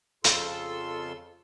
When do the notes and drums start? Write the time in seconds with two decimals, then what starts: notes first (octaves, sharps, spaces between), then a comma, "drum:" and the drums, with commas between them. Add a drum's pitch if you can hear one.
0.24 F2 C#3 F4 A4 C6 E6, drum: hi-hat